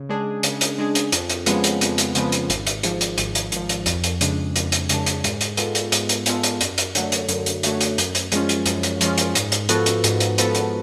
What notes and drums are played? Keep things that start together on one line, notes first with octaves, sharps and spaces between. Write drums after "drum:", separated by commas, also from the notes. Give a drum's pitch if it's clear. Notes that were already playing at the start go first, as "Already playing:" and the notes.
Already playing: C#3
G#3 D4 G#4
C#3, drum: hi-hat
drum: hi-hat
G#3 D4 G#4
drum: hi-hat
F2, drum: hi-hat
drum: hi-hat
C#3 F3 G#3 B3, drum: hi-hat
drum: hi-hat
F2, drum: hi-hat
drum: hi-hat
C#3 F3 G#3 B3, drum: hi-hat
drum: hi-hat
G#1, drum: hi-hat
drum: hi-hat
G#2 F3, drum: hi-hat
drum: hi-hat
G#1, drum: hi-hat
drum: hi-hat
G#2 F3, drum: hi-hat
drum: hi-hat
F2, drum: hi-hat
drum: hi-hat
C#3 G#3 D4, drum: hi-hat
F2, drum: hi-hat
drum: hi-hat
C#3 G#3 D4, drum: hi-hat
drum: hi-hat
G#2, drum: hi-hat
drum: hi-hat
G#3 B3 F4 A4, drum: hi-hat
drum: hi-hat
G#2, drum: hi-hat
drum: hi-hat
G#3 B3 F4 A4, drum: hi-hat
drum: hi-hat
F#2, drum: hi-hat
drum: hi-hat
D3 F#3 A3, drum: hi-hat
drum: hi-hat
F#2, drum: hi-hat
drum: hi-hat
D3 F#3 A3, drum: hi-hat
drum: hi-hat
F#2, drum: hi-hat
drum: hi-hat
F3 G#3 C#4 F4, drum: hi-hat
drum: hi-hat
F#2, drum: hi-hat
drum: hi-hat
F3 G#3 C#4 F4, drum: hi-hat
drum: hi-hat
G#2, drum: hi-hat
drum: hi-hat
F3 B3 F#4 A4, drum: hi-hat
drum: hi-hat
G#2, drum: hi-hat
drum: hi-hat
F3 B3 F#4 A4, drum: hi-hat
drum: hi-hat